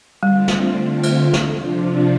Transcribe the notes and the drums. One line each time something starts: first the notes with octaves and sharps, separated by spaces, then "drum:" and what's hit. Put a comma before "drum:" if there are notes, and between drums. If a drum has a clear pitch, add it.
D3 G3 A3 C4 F4
drum: snare
drum: cymbal
drum: snare
C3 F3 D4 F4